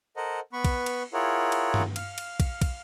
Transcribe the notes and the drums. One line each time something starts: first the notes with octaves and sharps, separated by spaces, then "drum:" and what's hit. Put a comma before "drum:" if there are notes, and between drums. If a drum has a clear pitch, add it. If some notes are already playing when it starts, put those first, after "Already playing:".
A4 A#4 C5 D#5 F#5 A#5
B3 B4 B5 C#6
drum: kick, cymbal
drum: cymbal
E4 F4 G#4 A#4 C#5 F#5
drum: cymbal
drum: tom G2
F5 F6, drum: cymbal
drum: cymbal
drum: kick, cymbal
drum: kick, cymbal